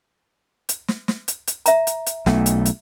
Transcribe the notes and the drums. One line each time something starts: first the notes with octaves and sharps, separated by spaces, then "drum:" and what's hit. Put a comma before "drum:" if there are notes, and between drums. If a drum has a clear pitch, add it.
drum: hi-hat
drum: snare
drum: snare
drum: hi-hat
drum: hi-hat
E5 A#5, drum: hi-hat
drum: hi-hat
drum: hi-hat
B1 A3, drum: snare
drum: hi-hat
drum: hi-hat